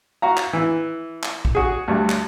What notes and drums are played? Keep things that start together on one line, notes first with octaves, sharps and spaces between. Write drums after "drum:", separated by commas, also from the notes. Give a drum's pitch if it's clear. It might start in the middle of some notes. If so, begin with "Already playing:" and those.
F#4 F5 A#5
drum: clap
E3
drum: clap
drum: kick
F#4 G#4
D2 G2
drum: clap